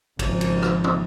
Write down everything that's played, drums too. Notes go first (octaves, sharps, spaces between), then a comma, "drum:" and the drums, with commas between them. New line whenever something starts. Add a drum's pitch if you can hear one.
G#1 C#3 F3, drum: kick, cymbal
drum: cymbal
drum: rim click
drum: tom